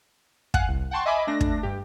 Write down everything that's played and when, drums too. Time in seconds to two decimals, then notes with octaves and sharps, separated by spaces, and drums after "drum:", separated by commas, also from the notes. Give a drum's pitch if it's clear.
0.54 F5 F#5 G#5 F#6, drum: kick
0.68 C2
0.91 F#5 G5 A5 C6 C#6
1.05 D#5 E5 G#5 B5 D6
1.27 A3 D4 A#6
1.41 drum: kick
1.63 G2 G4